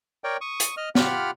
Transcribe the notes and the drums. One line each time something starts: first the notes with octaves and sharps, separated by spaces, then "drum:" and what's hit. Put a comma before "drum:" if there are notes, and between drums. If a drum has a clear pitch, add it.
A#4 C#5 D5 G5
C#6 D#6
drum: hi-hat
D#5 F6
F4 G4 F#5 B5 F6, drum: snare